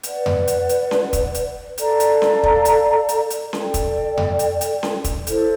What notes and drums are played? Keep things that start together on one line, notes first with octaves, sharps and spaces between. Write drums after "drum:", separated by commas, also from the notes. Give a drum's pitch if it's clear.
B4 D5 F#5, drum: hi-hat
drum: tom F2
drum: hi-hat
drum: hi-hat
drum: snare C#4
drum: kick, hi-hat
drum: hi-hat
A4 D5 F5 A#5, drum: hi-hat
drum: hi-hat
drum: snare C#4
drum: kick
drum: hi-hat
drum: hi-hat
drum: hi-hat
A4 D5 G5, drum: snare C#4
drum: kick, hi-hat
drum: tom F2
drum: hi-hat
drum: hi-hat
drum: snare C#4
drum: kick, hi-hat
E4 A4 C5, drum: hi-hat